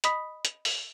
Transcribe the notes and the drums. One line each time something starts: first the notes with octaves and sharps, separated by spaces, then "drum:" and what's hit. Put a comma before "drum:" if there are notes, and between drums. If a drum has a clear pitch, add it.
D#5 B5 D#6 B6, drum: hi-hat
drum: hi-hat
drum: open hi-hat